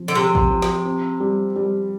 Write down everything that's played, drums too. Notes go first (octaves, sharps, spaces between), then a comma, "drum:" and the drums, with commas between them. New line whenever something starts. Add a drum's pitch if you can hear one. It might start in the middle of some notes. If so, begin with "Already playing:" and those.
Already playing: F3 C4
D3
C3 F3
drum: kick
F3
drum: snare
C4
G3
G3